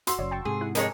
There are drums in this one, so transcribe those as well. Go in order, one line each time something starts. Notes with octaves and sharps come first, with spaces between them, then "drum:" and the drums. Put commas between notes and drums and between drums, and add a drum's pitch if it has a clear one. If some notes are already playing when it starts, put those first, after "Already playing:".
F#4 C6 E6, drum: hi-hat
F#1 F#2 C#5 D5
G5 A5 C#6
G#2 C3 G#4
E4 F#5
F2 G#3 A#4 C#5 G#5 A#5, drum: hi-hat